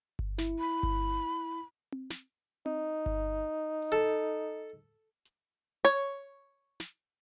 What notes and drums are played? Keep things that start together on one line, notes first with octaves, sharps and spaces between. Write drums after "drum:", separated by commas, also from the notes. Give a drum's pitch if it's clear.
drum: kick G1
E4, drum: snare
B5
drum: kick G1
drum: tom C4
drum: snare
D#4, drum: tom C4
drum: kick G1
drum: open hi-hat
A4
drum: hi-hat
C#5
drum: snare